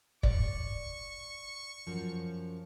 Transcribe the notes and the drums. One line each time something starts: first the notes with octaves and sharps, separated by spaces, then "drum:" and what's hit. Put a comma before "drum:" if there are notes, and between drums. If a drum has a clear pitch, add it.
D5 C#6, drum: kick
F#2 F3